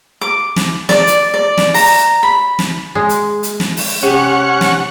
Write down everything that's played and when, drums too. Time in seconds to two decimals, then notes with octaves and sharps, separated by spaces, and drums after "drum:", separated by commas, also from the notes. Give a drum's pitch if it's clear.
0.21 D6
0.56 drum: snare
0.89 D5, drum: snare
1.07 drum: hi-hat
1.34 D5
1.57 drum: snare
1.74 A#5, drum: open hi-hat
2.23 B5
2.59 drum: snare
2.95 G#3
3.09 drum: hi-hat
3.43 drum: hi-hat
3.60 drum: snare
3.77 drum: open hi-hat
4.03 C3 C#4 G4 F#5 C#6
4.61 drum: snare